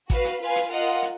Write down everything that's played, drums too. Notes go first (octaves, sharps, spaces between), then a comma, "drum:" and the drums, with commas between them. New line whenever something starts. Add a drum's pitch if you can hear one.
F#4 B4 F5, drum: kick A1, hi-hat
drum: hi-hat
F4 B4 F5 G#5
drum: hi-hat
F4 A#4 D#5 F#5
drum: hi-hat